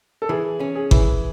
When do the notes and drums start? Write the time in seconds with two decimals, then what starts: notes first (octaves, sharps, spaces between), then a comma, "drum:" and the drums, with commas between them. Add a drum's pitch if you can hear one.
0.22 A4
0.29 E3 G#4
0.60 C#4
0.75 G#4
0.91 E3, drum: kick G1